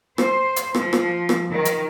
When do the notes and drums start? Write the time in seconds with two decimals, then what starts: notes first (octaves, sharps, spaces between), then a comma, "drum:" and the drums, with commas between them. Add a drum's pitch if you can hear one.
0.18 C5, drum: rim click
0.56 drum: hi-hat
0.75 F3, drum: rim click
0.93 drum: rim click
1.29 drum: rim click
1.51 D#3
1.65 drum: hi-hat